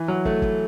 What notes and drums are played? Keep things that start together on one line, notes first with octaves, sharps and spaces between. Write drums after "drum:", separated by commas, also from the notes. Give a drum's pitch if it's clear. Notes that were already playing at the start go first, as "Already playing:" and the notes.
Already playing: E3
F#3
A3, drum: kick
drum: kick